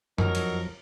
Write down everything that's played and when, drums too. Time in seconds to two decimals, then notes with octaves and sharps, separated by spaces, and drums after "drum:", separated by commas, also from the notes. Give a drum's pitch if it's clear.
0.18 F2 F3 F#3 D#4 A#4 A#6, drum: tom F#2
0.35 drum: cymbal